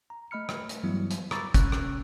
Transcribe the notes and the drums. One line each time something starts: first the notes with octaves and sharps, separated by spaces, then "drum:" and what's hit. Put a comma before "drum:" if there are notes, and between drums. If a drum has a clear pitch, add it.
A#5
A3 D#5 B5 F6 C#7
drum: rim click
drum: hi-hat
G2 E3 F#3 G3 B3 E4
drum: hi-hat
A#5 B5 C#6 D6 E6 A6, drum: rim click
C3 C#4 C#6 E6 F#6, drum: kick, hi-hat
drum: rim click